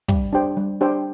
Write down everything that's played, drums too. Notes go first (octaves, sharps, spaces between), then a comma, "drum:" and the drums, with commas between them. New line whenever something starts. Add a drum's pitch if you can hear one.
G3, drum: kick
D4 G4 C5 G5
G3
D4 G4 C5 G5